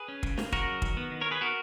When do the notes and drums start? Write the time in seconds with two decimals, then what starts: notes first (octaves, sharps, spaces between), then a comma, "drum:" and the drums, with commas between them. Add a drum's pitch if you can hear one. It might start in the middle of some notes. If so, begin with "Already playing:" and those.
Already playing: G#4 B4
0.08 C#4
0.23 C#3, drum: kick
0.38 A#3, drum: snare
0.52 C#3 F#4 A#4, drum: kick
0.67 F#3
0.82 D#3, drum: kick
0.97 B3
1.11 D#3
1.21 B3 A#4 C#5
1.31 G#4 B4
1.41 B3 F#4 A#4